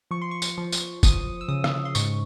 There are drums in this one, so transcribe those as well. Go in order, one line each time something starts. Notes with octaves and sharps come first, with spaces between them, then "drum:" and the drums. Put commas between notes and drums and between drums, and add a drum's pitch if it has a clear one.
F3 C#6
C6
C#6
drum: tambourine
F3
drum: tambourine
F3 D#6, drum: kick, tambourine
E6
C#3 D#6
drum: rim click
C6
G#2 C#6, drum: tambourine